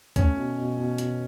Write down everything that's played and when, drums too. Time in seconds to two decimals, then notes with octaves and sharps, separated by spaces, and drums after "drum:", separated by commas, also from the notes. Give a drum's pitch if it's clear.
0.16 A3 C#4, drum: kick, hi-hat
0.36 B2
0.58 B2
0.77 B2
0.98 B2, drum: hi-hat